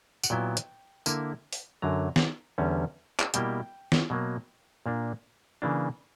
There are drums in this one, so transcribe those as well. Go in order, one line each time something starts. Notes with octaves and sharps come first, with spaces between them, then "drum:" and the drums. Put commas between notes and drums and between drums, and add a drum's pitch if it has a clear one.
F#5, drum: tambourine
A#2 F#3 B3 E4 G5
drum: hi-hat
D3 A#3 E4, drum: tambourine
drum: open hi-hat
F#2 D3 F#3 A#5
drum: snare
E2 D3 G3 C#4
drum: clap
B2 G3 A#3 E4 G5, drum: hi-hat
drum: snare
B2 F#3 A#3
A#2 A#3 D4
C#3 E3 A#3 D4